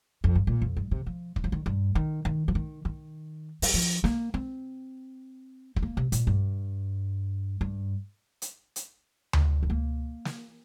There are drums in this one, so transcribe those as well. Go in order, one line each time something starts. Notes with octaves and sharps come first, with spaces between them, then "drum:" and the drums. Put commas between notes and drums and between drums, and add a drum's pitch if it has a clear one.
F2
G2
A#2
F2
G2
C3
F3
D#3, drum: kick
F3
D#3
G2
D#3
D#3
F3
D#3
D#3
G3, drum: open hi-hat
F3
A#3, drum: snare
C4
C4, drum: kick
A#3
C3
A#2, drum: hi-hat
G2
G2
drum: hi-hat
drum: hi-hat
drum: tom D2
C4
A#3
drum: snare